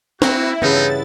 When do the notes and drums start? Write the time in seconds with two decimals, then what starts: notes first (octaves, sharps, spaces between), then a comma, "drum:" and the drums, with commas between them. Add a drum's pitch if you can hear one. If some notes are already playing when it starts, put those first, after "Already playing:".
0.22 A#3 C4 E4 F#4, drum: snare
0.62 G2 C#3 E3 B3 C4 D#4 A6